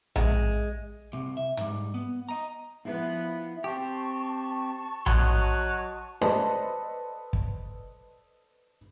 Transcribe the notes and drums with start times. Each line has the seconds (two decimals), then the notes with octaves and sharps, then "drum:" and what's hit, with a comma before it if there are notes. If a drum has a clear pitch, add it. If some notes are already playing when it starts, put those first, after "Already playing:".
0.16 G#3, drum: tom A#1
1.13 C2 C3
1.37 E5
1.57 G#2 G3, drum: hi-hat
1.94 B3
2.29 D#5 A#5
2.85 F3 B3 E4 B4
3.64 C4 G4 A5 C#6
5.06 F#3 D#5 F#5 C6, drum: tom A#1
6.22 A4 B4 C5 D5 D#5, drum: snare
7.33 drum: kick